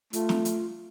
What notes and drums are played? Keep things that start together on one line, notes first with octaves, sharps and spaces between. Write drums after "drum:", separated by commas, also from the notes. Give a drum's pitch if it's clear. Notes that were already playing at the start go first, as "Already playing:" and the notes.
A3 F4, drum: hi-hat
drum: snare
drum: hi-hat